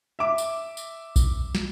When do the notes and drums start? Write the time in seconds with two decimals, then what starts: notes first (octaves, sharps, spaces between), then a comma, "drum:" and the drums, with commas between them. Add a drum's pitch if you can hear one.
0.19 E5 D6
0.38 drum: tambourine
0.77 drum: tambourine
1.16 drum: kick, tambourine
1.55 drum: snare